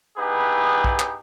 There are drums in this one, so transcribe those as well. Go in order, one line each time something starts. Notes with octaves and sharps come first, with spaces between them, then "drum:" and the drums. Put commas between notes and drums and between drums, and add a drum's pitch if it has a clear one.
B3 D#4 E4 G4 G#4 B4
drum: kick
drum: clap